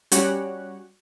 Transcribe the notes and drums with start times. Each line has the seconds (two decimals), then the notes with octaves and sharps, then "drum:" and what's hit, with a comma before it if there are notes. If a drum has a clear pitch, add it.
0.12 G3 C#4 F#4 G4 C#5 F#5, drum: hi-hat